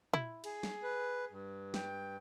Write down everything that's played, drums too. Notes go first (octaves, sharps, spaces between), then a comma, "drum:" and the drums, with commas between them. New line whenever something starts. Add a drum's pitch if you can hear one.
E4, drum: tom A#2
G#4, drum: cymbal
drum: snare
B4
G2
G5, drum: snare